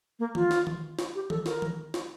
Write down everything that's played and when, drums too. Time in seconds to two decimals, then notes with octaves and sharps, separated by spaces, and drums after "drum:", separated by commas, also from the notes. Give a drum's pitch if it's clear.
0.19 A#3
0.35 F4, drum: tom D#3
0.51 drum: snare
0.67 drum: tom D#3
0.99 drum: snare
1.15 G4
1.30 A4, drum: tom D#3
1.46 A#4, drum: snare
1.62 drum: tom D#3
1.94 drum: snare